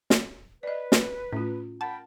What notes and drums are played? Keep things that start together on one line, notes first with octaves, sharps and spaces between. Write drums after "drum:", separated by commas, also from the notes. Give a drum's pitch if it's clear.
drum: snare
B4 D5 D#5
drum: snare
A2 C#4 F4
A#4 F#5 G5 A5 B5